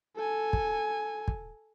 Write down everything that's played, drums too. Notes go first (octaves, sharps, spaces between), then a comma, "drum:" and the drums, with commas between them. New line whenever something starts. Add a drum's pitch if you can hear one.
A4 G#5
drum: kick
drum: kick